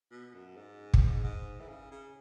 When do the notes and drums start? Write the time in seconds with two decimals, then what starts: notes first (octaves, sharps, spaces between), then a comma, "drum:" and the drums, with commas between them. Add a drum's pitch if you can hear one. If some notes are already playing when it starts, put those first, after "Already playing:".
0.11 B2
0.33 F#2
0.56 G#2
0.94 drum: kick
1.23 G#2
1.60 E3
1.69 C#3
1.91 C#3